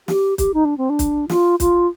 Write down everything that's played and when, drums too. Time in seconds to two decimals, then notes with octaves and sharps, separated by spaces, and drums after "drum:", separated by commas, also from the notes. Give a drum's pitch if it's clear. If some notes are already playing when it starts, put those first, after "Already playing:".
0.08 G4, drum: snare
0.38 G4, drum: kick, hi-hat
0.54 D#4
0.65 D4
0.78 C4
0.90 D4
0.99 drum: kick, hi-hat
1.29 F4, drum: snare
1.60 F4, drum: kick, hi-hat